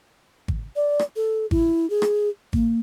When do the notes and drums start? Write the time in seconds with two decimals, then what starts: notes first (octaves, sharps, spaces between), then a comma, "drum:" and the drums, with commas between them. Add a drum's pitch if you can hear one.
0.48 drum: kick G#1
0.76 D5
0.99 drum: rim click
1.16 A4
1.51 E4, drum: kick G#1
1.90 G#4
2.02 drum: rim click
2.53 A#3, drum: kick G#1